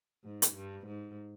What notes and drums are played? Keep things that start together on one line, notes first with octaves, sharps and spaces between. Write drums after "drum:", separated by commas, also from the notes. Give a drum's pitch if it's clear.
G#2
drum: hi-hat
G2
G#2